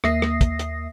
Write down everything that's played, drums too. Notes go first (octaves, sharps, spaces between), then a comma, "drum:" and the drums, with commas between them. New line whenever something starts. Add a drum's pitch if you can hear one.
D#2 A#3 E5 D#6 A#6 C7, drum: rim click
drum: rim click
drum: kick, hi-hat
drum: hi-hat